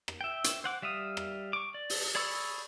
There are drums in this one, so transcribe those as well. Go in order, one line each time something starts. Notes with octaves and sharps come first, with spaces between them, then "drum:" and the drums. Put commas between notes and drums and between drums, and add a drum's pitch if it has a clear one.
drum: rim click
E5 G5
drum: hi-hat
C5 F#5 D6
G3 E5 F5 D#6
drum: rim click
C#6 D6
D5
drum: open hi-hat
G#4 D5 B5 C#6 E6